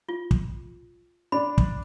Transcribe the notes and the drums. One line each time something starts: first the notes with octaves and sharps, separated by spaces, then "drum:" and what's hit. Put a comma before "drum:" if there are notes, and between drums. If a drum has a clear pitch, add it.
F4
drum: kick
D4 B5
drum: kick